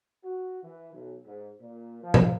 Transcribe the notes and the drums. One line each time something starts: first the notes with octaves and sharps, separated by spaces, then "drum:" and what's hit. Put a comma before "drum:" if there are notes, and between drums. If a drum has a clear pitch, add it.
F#4
E3
B1
G#2
A#2
F3
drum: tom A2